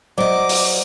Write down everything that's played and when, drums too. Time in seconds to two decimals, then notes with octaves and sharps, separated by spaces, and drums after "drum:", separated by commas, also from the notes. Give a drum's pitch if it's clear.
0.18 F#3 C5 D5 D#5 D6
0.49 drum: open hi-hat